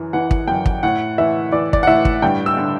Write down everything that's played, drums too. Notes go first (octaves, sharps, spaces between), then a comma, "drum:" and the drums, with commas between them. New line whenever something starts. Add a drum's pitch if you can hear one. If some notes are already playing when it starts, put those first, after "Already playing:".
Already playing: F#2 E3
E3 F#5
drum: kick
F#2 G5
drum: kick
A2 F#5
E3 E5
E3 D5
D5, drum: kick
F#5
A2 E5
drum: kick
G2 G5
E6
D3